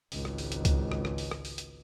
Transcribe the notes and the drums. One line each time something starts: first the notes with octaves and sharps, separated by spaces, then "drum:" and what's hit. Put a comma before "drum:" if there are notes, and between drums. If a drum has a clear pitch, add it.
G#1 C#2, drum: open hi-hat
drum: rim click
drum: open hi-hat
drum: hi-hat
drum: kick C#2, hi-hat
drum: rim click
drum: rim click
drum: open hi-hat
drum: rim click
drum: open hi-hat
drum: hi-hat